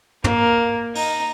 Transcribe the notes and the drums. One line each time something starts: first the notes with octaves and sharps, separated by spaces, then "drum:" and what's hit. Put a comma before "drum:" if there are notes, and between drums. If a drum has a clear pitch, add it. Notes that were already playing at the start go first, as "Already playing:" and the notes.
A#3, drum: tom
D#4, drum: open hi-hat